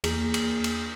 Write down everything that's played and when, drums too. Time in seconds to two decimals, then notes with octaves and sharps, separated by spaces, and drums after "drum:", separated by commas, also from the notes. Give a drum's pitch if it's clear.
0.04 E2 A#3 G#4, drum: cymbal
0.34 drum: cymbal
0.64 drum: cymbal